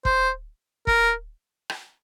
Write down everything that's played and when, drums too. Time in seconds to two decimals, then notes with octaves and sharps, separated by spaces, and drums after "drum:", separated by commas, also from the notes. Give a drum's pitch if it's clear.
0.05 C5, drum: kick E1
0.87 A#4, drum: kick E1
1.70 drum: rim click